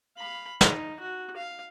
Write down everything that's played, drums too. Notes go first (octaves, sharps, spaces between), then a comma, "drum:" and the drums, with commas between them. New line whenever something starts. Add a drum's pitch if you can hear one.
F5 B5
D#4, drum: snare
F#4
F5